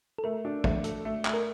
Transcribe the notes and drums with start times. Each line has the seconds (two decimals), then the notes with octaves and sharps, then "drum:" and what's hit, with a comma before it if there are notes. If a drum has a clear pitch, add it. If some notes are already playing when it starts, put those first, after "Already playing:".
0.18 A4
0.24 A3 A#4
0.45 D4
0.64 A3, drum: kick
0.84 A4, drum: hi-hat
1.05 A3
1.25 A3, drum: clap
1.33 A#4